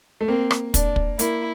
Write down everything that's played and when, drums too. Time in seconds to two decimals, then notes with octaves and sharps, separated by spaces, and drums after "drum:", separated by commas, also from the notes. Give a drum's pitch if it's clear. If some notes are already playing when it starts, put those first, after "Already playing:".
0.21 A3
0.28 A#3 C4
0.51 drum: rim click
0.74 D4, drum: kick, hi-hat
0.96 drum: kick
1.19 A#3 E4, drum: hi-hat